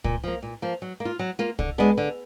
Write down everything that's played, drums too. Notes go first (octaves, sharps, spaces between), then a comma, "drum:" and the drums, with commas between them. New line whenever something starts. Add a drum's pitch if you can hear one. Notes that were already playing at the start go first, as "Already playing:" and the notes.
A#2, drum: kick
F3 A#3
A#2
F3 A#3
F#3
A#3
F4
F#3
A#3 F4
D3, drum: kick
G#3 B3 D4
D3